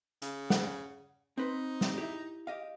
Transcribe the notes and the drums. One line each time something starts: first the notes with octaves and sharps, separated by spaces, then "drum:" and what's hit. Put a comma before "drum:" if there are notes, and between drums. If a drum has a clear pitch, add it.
C#3, drum: hi-hat
F#5, drum: snare
C4 D#4 B4 C5
drum: snare
E4 G4
G4 D#5 F5